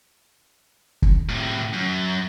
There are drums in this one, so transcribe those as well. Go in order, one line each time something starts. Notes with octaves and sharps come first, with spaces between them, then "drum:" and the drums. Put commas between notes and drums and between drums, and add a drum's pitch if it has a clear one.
drum: kick
A2 C3
F#2